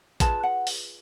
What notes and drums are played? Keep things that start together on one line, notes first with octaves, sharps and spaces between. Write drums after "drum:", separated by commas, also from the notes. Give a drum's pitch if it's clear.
F4 G#4 B4 A5, drum: kick A1, hi-hat
F#5
drum: open hi-hat